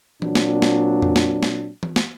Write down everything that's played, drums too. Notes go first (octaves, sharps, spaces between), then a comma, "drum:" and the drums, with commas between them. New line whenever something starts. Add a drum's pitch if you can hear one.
A#2 F#3 C4 D4, drum: tom E3
drum: snare
drum: snare
drum: tom F2
drum: snare
drum: snare
drum: tom E3
drum: snare